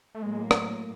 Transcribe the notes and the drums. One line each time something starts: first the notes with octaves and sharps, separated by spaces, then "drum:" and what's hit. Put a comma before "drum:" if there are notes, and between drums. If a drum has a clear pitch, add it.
A3
A2 F#3 G#3 A#3
drum: rim click